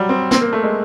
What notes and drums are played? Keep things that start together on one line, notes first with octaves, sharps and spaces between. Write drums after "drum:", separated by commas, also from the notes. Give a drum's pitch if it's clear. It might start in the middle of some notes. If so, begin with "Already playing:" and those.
Already playing: F#3 G3
C4
C4, drum: snare
A#3
A3
G#3